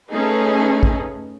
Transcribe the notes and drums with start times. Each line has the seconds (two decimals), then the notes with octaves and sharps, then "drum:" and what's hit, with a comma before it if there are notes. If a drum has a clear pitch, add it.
0.12 A3 C#4 D#4 G#4 A4 B4
0.83 drum: kick